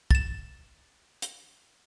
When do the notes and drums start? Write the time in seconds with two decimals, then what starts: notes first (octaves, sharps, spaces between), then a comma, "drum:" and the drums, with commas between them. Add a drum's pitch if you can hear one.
0.11 A6 E7, drum: kick
1.22 drum: hi-hat